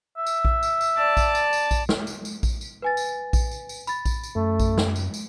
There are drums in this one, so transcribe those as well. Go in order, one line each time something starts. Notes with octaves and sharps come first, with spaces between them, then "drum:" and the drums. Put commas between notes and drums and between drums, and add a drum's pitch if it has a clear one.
E5
drum: tambourine
drum: kick A#1
drum: tambourine
drum: tambourine
D5 A5
drum: kick A#1, tambourine
drum: tambourine
drum: tambourine
drum: kick A#1, tambourine
drum: snare
drum: tambourine
drum: tambourine
drum: kick A#1, tambourine
drum: tambourine
B4 G#5 A6
drum: tambourine
drum: kick A#1, tambourine
drum: tambourine
drum: tambourine
B5 A6, drum: tambourine
drum: kick A#1, tambourine
drum: tambourine
F#2 A3
drum: kick A#1, tambourine
drum: snare
drum: tambourine
drum: tambourine